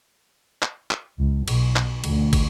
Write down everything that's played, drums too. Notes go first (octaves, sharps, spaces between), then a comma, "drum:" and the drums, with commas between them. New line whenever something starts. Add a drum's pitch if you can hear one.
drum: clap
drum: clap
C#2
B1, drum: cymbal
drum: clap
D2, drum: cymbal
drum: kick, cymbal